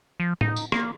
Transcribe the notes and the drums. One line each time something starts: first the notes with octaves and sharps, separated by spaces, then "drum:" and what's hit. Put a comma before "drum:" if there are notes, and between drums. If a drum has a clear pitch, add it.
F3
D#4, drum: tom
drum: tambourine
A#3, drum: rim click